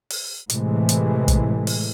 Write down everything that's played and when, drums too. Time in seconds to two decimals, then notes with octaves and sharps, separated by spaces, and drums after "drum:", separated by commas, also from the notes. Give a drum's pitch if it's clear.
0.10 drum: open hi-hat
0.50 A2 C3 E3 G#3 A3, drum: hi-hat
0.89 drum: hi-hat
1.28 drum: kick, hi-hat
1.67 drum: open hi-hat